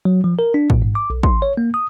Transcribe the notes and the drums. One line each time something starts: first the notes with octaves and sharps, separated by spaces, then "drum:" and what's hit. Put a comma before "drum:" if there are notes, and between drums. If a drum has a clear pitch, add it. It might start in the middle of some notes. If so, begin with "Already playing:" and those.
F#3
F3
A#4
D4
A#2, drum: kick
G#2
D6
B1
C6, drum: kick
C#5
A#3
D#6